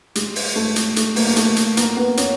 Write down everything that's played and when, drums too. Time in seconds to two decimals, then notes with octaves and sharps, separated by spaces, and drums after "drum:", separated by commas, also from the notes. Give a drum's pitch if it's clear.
0.15 G#3, drum: hi-hat
0.36 drum: open hi-hat
0.56 A3
0.76 drum: hi-hat
0.96 A3, drum: hi-hat
1.16 A#3, drum: open hi-hat
1.27 A#3
1.36 A3, drum: hi-hat
1.56 drum: hi-hat
1.77 A#3, drum: hi-hat
1.97 B3
2.17 C#4, drum: hi-hat